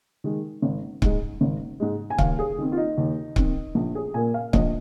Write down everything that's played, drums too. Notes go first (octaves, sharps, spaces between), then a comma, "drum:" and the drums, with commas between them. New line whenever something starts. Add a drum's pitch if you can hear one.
D#3 G#3
G#1
G#2 G#3, drum: kick C#1
G#1
G#2 G#3
G#5
D#2 F5, drum: kick C#1
G#4
D#3 C4
F4
D#4
D#2
D#3 C4, drum: kick C#1
A#1
G#4
A#2 A#3 G#5
F5
A#1 D#5, drum: kick C#1